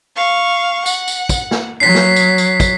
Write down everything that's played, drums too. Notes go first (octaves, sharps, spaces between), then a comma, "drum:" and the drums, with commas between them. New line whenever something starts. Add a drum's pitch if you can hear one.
F5 C#6
F#5, drum: tambourine
drum: tambourine
drum: kick, tambourine
drum: snare
F#3 B6 C7
drum: snare
drum: tambourine
drum: tambourine
drum: kick, tambourine